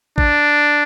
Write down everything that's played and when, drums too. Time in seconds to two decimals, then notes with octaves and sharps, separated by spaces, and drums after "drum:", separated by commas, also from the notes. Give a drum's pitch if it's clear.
0.18 D4, drum: kick G#1